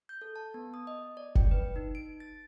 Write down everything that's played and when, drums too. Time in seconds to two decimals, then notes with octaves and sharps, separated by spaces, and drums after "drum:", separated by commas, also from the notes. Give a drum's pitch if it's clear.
0.09 G6
0.22 A4
0.36 A5
0.54 B3
0.74 D#6
0.87 D#5
1.17 D5
1.35 G5, drum: kick F#1
1.51 B4
1.76 D#4
1.95 D7
2.20 A6